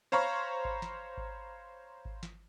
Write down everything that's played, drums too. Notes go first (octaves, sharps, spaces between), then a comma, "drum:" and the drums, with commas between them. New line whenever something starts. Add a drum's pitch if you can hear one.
C5 C#5 F5 A#5 B5 C#6
drum: kick G#1
drum: snare
drum: kick G#1
drum: kick G#1
drum: snare